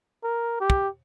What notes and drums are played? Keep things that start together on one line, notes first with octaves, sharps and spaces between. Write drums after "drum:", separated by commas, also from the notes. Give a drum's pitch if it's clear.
A#4
G4
drum: kick